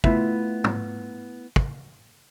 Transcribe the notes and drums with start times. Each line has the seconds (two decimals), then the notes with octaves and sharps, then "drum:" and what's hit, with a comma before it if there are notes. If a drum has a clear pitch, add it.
0.04 A3 B3 E4 F4 E5, drum: kick
0.64 drum: tom
1.56 drum: kick